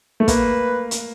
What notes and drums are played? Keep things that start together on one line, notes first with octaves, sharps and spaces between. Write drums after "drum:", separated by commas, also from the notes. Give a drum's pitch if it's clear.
A3
A#3 B4, drum: kick, hi-hat
drum: hi-hat